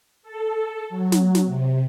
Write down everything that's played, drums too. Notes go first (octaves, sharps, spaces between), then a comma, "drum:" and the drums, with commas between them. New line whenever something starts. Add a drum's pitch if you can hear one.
A4
F#3
drum: snare
drum: snare
C3